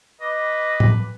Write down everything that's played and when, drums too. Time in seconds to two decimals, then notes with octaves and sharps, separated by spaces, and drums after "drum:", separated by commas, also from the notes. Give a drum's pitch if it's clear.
0.21 B4 D#5 D6
0.80 drum: tom A2